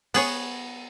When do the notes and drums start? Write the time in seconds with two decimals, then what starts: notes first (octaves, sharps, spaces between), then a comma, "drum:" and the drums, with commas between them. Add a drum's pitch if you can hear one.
0.14 B3 G#4 C#5, drum: cymbal